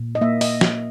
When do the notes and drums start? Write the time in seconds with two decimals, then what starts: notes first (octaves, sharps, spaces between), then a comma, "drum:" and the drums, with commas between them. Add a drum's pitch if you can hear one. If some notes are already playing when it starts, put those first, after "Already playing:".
Already playing: A#2
0.15 D#5
0.21 A#3 E5
0.41 D#5, drum: open hi-hat
0.61 drum: snare